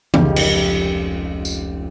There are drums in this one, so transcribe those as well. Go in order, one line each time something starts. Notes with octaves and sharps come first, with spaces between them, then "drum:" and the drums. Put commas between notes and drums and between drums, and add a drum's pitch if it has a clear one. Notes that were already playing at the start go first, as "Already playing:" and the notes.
F1 C#2 D#4 G4 G6, drum: tom E3
drum: cymbal
drum: tambourine